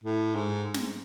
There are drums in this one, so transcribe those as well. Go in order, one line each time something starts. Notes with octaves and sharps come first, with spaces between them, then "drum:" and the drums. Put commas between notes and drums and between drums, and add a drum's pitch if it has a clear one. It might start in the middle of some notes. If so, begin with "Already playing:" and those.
A2
G#2
drum: snare